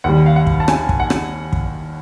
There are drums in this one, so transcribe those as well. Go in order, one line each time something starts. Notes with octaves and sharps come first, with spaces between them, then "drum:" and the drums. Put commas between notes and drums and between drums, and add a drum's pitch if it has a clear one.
D#2 D#3 G3 F#5
F5
F#5
drum: kick
A5
G#5, drum: rim click
drum: kick
F#5
drum: rim click
drum: kick